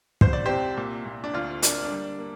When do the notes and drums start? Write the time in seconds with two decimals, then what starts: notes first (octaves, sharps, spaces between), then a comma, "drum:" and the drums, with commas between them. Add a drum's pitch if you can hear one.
0.21 C2 C5, drum: kick
0.33 D5
0.46 C3 G4 C5
0.77 A#2
1.06 A#2
1.24 D4
1.34 D2 F4
1.63 A#3 D4, drum: hi-hat
1.85 D4
1.91 G3
2.19 A#3